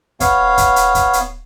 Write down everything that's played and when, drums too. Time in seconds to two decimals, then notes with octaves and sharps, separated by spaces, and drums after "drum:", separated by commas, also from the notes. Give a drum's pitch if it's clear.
0.20 B3 C#5 F5, drum: kick, hi-hat
0.57 drum: kick, hi-hat
0.76 drum: hi-hat
0.95 drum: kick, hi-hat
1.13 drum: hi-hat